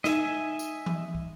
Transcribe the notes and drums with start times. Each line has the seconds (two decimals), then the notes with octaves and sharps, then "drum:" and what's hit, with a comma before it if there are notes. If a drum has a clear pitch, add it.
0.04 D#4 D#5 E5 G#5, drum: snare
0.59 drum: tambourine
0.86 drum: tom E3
1.15 drum: kick